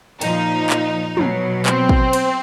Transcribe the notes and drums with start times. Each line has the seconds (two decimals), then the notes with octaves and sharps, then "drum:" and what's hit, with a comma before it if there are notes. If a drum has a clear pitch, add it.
0.21 A#2 F3 D#4, drum: cymbal
0.70 drum: clap
1.17 B2 F#3, drum: tom
1.66 C4, drum: clap
1.89 drum: kick
2.13 drum: cymbal